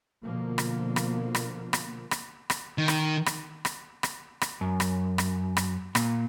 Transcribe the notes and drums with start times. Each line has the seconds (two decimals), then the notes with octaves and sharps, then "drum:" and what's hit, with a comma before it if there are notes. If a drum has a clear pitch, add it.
0.22 B2 D3 F3 A#3
0.58 drum: rim click
0.96 drum: rim click
1.35 drum: rim click
1.73 drum: rim click
2.11 drum: rim click
2.50 drum: rim click
2.78 D#3
2.88 drum: rim click
3.26 drum: rim click
3.65 drum: rim click
4.03 drum: rim click
4.41 drum: rim click
4.61 F#2
4.80 drum: rim click
5.18 drum: rim click
5.57 drum: rim click
5.95 A#2, drum: rim click